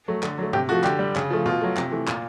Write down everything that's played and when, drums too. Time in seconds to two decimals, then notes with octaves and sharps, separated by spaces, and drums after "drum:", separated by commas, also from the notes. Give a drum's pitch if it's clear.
0.08 F#3 A3
0.23 D3, drum: clap
0.38 F#3 A3
0.53 C3 G4, drum: tom
0.69 F3 A3 F#4
0.84 D3 G4, drum: clap
0.99 G3
1.16 C#3, drum: clap
1.30 F3 A3
1.46 B2 F4, drum: tom A#2
1.61 F#3 A3
1.77 C3, drum: clap
1.91 E3 A3
2.08 A#2, drum: clap